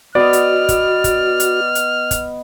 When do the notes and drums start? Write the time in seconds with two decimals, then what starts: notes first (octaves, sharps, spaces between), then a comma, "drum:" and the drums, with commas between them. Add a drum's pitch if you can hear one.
0.15 B3 F#4 D5 D#5 F6
0.33 drum: hi-hat
0.69 drum: kick, hi-hat
1.04 drum: kick, hi-hat
1.40 drum: hi-hat
1.75 drum: hi-hat
2.11 drum: kick, hi-hat